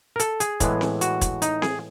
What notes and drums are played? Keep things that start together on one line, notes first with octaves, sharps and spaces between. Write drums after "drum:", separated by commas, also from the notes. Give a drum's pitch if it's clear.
A#4
A4, drum: hi-hat
G#4, drum: hi-hat
A2 E3 G#3 B3, drum: kick, hi-hat
drum: snare C4
F#4, drum: hi-hat
drum: kick, hi-hat
D#4, drum: hi-hat
G#4, drum: snare C4